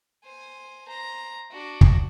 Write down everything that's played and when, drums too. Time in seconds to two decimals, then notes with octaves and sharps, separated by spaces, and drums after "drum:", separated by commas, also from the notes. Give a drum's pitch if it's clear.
0.25 C5 G#5
0.88 C5 A#5
1.51 D4 F#4
1.81 drum: kick